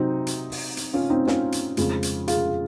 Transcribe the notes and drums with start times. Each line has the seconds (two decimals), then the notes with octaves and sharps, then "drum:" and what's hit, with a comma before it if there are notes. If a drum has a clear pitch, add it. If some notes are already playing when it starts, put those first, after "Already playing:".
Already playing: C3 F#3 C4 D#4
0.27 drum: hi-hat
0.52 drum: open hi-hat
0.77 drum: hi-hat
0.93 C#4 F4
1.10 C4 D#4
1.27 C#4 F4, drum: snare
1.52 drum: hi-hat
1.77 F2 C#3 F3 G#3, drum: hi-hat
2.03 drum: hi-hat
2.28 F4 G#4, drum: hi-hat